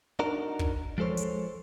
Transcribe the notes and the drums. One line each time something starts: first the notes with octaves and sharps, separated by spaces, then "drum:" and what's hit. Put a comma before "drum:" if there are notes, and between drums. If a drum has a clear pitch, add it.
D4 D#4 F#4 A#4
drum: kick
F3 G#3 A4 C5 C#5
drum: hi-hat